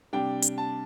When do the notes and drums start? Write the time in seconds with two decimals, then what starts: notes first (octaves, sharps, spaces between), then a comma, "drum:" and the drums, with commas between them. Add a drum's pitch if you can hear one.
0.13 C3 G3 D4 G5
0.42 drum: hi-hat
0.58 A5